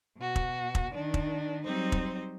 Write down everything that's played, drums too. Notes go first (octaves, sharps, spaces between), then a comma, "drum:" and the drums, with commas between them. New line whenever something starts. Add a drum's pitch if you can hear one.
B2 F#4
drum: kick
drum: kick
D#3 D4
drum: kick
F#3 G3 C4 D#4 C5
drum: kick